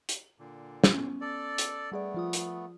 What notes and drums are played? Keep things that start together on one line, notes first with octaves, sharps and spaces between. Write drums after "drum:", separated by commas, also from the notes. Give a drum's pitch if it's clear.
drum: hi-hat
A#2 D3
drum: snare
B3 C#4
A4 D5
drum: hi-hat
G3 A3 B3 G#4 D5
F3 F4 D#6
drum: hi-hat